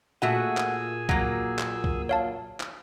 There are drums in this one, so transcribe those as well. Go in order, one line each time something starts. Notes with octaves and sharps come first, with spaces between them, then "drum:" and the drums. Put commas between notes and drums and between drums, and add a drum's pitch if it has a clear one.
A#2 A3 F#4 G#4 F#5 G#5 E6
drum: clap
F#3 A#3, drum: kick B1
drum: clap
drum: kick B1
C#5 F5 A5
drum: clap